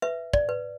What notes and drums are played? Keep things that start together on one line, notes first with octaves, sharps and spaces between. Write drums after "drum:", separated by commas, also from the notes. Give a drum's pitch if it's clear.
B4 E5
D5, drum: kick
B4